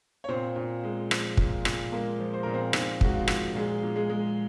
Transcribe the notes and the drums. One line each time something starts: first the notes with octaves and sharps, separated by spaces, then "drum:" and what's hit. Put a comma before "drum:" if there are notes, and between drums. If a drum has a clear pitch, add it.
C#5
A#2 C4 C5
A#2
G#3
F3, drum: rim click
A#2, drum: kick
A#2, drum: rim click
G#3 A#3 A#4
F3
C5
A#2 A#4
C4 C5
A#2 D#4, drum: rim click
G#3 F#4, drum: kick
F4
F3, drum: rim click
A#2 G#3 G#4
A#2
G#3 G#4
G#3